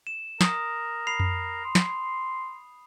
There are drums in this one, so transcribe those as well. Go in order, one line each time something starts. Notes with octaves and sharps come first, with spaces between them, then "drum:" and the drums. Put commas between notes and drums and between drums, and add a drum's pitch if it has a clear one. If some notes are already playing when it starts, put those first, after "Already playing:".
E7
A#4 D#6, drum: snare
B5 C7 F7
drum: tom F2
C6
drum: snare